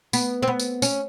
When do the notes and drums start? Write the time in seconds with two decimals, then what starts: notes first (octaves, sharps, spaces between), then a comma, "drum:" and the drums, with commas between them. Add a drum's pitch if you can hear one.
0.13 B3, drum: tambourine
0.42 C4
0.48 B3
0.60 drum: tambourine
0.82 C#4, drum: tambourine